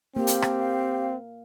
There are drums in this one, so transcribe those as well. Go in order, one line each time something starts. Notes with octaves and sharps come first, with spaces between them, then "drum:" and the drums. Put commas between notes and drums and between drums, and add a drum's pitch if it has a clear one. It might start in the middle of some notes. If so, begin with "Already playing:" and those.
A#3 C4 G4
drum: hi-hat
drum: rim click
F5